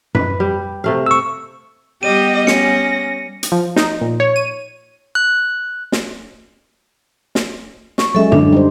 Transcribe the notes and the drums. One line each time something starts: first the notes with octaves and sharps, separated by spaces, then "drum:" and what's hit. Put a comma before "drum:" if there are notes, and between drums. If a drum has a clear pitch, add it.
B4, drum: tom F#2
G3
C3 A3 F5
C#6 E6
G3 B3 G4 D#5 D#7
C#4 A#6 C#7, drum: snare
drum: hi-hat
F3
D#4, drum: snare
A#2
C#5
D#7
F#6
drum: snare
drum: snare
C#6, drum: snare
F#3 G#3 C#4 A4 E5
D3 D4, drum: tom F#2
G3 D#4 C5